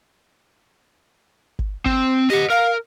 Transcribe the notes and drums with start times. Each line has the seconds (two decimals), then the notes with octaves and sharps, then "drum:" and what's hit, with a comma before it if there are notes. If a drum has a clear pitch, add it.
1.59 drum: kick G1
1.86 C4, drum: kick G1
2.30 G4 D#5 F#5
2.50 A#4 F5